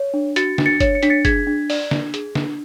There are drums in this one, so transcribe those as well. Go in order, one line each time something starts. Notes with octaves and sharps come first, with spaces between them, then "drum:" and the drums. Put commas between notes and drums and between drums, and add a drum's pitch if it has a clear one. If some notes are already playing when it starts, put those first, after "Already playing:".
Already playing: C#5
D4
F#4 A6 C#7, drum: hi-hat
D4, drum: snare
A6 C#7
C#5, drum: kick, hi-hat
C#7
D4 B6, drum: hi-hat
A6 C#7
G#4 G#6 B6, drum: kick, hi-hat
D4
D5, drum: open hi-hat
D4, drum: snare
G#4, drum: hi-hat
D4, drum: snare